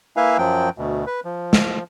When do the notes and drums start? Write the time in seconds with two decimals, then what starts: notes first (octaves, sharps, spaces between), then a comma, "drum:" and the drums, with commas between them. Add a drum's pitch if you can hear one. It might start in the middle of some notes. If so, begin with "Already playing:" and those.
0.17 A#3 E4 B4 E5 F5 G#5
0.38 F#2 F3 F#3 G5
0.78 D2 B2
1.06 B4
1.25 F3
1.53 drum: snare